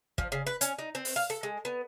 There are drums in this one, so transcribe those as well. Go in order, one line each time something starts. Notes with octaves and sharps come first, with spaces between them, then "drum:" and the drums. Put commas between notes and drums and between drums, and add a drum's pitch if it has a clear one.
F3, drum: kick
C#3
B4
C#4, drum: hi-hat
D#4
C4
drum: open hi-hat
F5
A4
G#3
B3